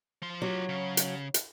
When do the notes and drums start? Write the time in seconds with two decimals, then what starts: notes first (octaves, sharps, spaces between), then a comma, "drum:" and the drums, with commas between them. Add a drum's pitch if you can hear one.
0.22 F3 C6
0.42 F#3 F4 G4
0.69 C#3
0.97 drum: hi-hat
1.34 drum: hi-hat